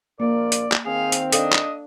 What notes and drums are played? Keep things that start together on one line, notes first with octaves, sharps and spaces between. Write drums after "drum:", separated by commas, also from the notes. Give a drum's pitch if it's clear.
A#1 A#3 F4 A#4 D5
drum: hi-hat
drum: clap
D#3 C4 G#4 F5
drum: hi-hat
D4 A4 D#5 F5, drum: hi-hat
drum: clap